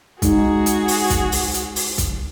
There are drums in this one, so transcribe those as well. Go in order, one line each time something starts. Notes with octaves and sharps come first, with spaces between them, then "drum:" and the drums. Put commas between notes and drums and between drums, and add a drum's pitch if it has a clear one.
G#3 D#4 F#4 G#4, drum: kick B1, hi-hat
drum: hi-hat
drum: open hi-hat
drum: kick B1, hi-hat
drum: open hi-hat
drum: hi-hat
drum: open hi-hat
drum: kick B1, hi-hat